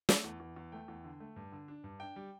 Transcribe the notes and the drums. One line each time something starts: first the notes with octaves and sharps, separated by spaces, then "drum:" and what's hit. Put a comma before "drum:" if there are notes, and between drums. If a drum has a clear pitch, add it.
A3, drum: snare
E2
E2
E2
A3 G5
E2
D3
A3
G2
D3
D4
G2
D4 G5
G3